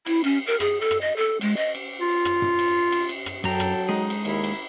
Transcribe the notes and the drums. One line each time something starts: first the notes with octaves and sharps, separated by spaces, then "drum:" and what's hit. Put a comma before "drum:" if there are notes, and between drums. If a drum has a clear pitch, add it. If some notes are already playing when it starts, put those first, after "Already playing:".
E4, drum: cymbal
C#4, drum: cymbal
A#4
G#4, drum: rim click
A4
drum: rim click
D#5
A4
G#3, drum: cymbal
D#5, drum: cymbal
drum: cymbal
F4
drum: rim click
drum: tom
drum: cymbal
drum: cymbal
drum: cymbal
drum: rim click
F#2 F#3 A4 G5 A#5, drum: cymbal
drum: rim click
G#3 D#4 G#4
drum: cymbal
D#2 E4 A#4, drum: cymbal
drum: cymbal